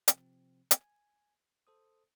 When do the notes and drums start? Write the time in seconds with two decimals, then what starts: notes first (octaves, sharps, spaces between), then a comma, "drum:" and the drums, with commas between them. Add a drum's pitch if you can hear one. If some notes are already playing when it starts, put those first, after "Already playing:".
0.08 C3 F3 C4, drum: hi-hat
0.71 G#5, drum: hi-hat
1.67 A4 C5 D#6